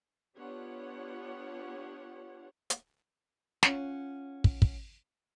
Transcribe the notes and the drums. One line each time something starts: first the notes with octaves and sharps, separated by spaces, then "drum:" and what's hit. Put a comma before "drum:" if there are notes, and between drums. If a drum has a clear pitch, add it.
B3 D4 F4 G4 C#5 F#5
drum: hi-hat
C#4 F4 F#5, drum: snare
drum: kick
drum: kick